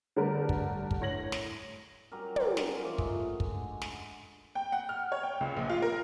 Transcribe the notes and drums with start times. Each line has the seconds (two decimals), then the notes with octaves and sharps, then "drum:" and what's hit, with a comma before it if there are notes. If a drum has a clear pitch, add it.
0.16 D3 G3 A3 A#4 B4
0.49 drum: kick
0.91 drum: kick
1.01 A2 C#5 A#6 F#7
1.32 drum: snare
2.12 F#3 G3 C#4 A#4
2.36 drum: tom
2.57 drum: snare
2.82 E3 F3 A#3 C#4
2.98 G#3 A3 F#4, drum: kick
3.40 drum: kick
3.52 D3
3.81 drum: snare
4.55 G5
4.72 F#5
4.89 F6
5.12 C#5
5.23 G5
5.41 C#2
5.57 A#1
5.69 F4
5.82 A#4